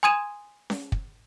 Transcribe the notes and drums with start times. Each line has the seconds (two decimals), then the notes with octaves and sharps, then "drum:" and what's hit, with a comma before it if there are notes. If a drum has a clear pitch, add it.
0.03 G#5 C6 D#6 G#6 D#7 E7
0.70 drum: snare C#4
0.92 drum: kick